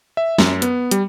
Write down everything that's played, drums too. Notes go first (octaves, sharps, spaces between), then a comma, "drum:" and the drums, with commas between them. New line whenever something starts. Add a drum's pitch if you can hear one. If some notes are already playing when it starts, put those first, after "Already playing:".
E5
F#2, drum: snare
B3, drum: hi-hat
G3, drum: hi-hat